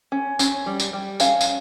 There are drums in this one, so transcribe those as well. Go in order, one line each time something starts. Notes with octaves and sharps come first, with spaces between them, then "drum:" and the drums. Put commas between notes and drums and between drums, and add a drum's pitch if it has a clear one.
C#4
C#4, drum: tambourine
G3
drum: tambourine
G3
C#4 F5, drum: tambourine
drum: tambourine